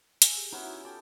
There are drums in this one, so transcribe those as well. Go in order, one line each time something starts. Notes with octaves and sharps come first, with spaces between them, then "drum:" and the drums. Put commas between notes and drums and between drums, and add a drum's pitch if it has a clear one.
G#5 E6, drum: hi-hat
G4 G#4
B3 C#4 D#4 E4 F#4 E5 D#6
F4 G4 G#5
A4 G5 D6